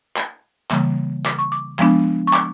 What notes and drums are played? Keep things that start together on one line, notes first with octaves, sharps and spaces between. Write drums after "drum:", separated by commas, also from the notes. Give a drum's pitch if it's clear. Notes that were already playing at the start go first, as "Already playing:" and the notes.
drum: clap
C#3 E3 G3 A#3, drum: clap
D6, drum: clap
C#6
D6
F3 G#3 B3 D4, drum: clap
C#6
D6, drum: clap